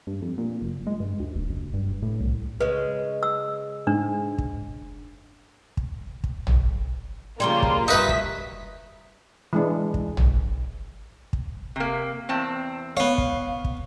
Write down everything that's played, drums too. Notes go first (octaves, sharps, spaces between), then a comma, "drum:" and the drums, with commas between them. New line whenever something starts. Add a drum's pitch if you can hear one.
G2
F2
A#2
F#1
G#3
G2
D2
D#1
F#1
G2
A2
C2
C#3 G#3 B4
E6
G#2 D4
drum: kick
drum: kick
drum: kick
drum: tom
C#3 F3 G3 A#3 F4 C6
drum: kick
G2 D#4 F#4 B4 E5 D#6 B6
drum: kick
E3 G#3 D4
drum: kick
drum: tom
drum: kick
C3 A#3
E2 C4 A5
B3 C#5 F5
drum: kick
drum: kick